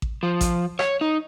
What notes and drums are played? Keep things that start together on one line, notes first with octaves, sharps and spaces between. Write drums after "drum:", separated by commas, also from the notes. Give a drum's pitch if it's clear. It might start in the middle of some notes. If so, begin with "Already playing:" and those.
drum: kick A1
F3
drum: kick A1, hi-hat
C#5, drum: rim click
D#4